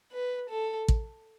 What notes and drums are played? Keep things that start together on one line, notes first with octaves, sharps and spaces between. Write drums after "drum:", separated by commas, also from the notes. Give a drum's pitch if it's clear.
B4
A4
drum: kick